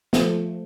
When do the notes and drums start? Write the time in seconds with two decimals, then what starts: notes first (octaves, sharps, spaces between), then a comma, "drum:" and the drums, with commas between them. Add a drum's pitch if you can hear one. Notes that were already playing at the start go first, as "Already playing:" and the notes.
0.13 F3 A3, drum: snare